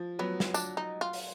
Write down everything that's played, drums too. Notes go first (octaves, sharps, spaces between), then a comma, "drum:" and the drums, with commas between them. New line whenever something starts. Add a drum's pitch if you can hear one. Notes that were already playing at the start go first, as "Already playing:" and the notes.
Already playing: F3
F#3 B3
drum: snare
D4, drum: tambourine
D#4
F4
drum: open hi-hat